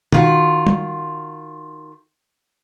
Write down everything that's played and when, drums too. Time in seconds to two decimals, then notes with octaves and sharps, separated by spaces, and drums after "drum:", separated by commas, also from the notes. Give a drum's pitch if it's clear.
0.12 D#3 F4 F#4, drum: tom
0.67 drum: tom G3